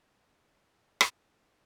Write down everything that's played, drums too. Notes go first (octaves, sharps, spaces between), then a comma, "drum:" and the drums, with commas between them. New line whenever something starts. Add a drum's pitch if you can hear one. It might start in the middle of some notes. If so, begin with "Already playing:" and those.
Already playing: D#3 G3 C4 F4
C4 D#4 G4
drum: rim click
A#2 F3 A3